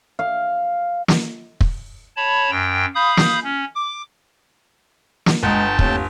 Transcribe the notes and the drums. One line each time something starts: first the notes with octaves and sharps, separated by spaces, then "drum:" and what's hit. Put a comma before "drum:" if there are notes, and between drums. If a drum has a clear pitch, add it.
F5
drum: snare
drum: kick
C#5 A5 B5
F#2 G5
F5 B5 D#6 G6
drum: snare
C#4
D6
drum: snare
G1 G#3 B4 F#5 G5 A5 A#5
D#2 A3 C4 C#5, drum: kick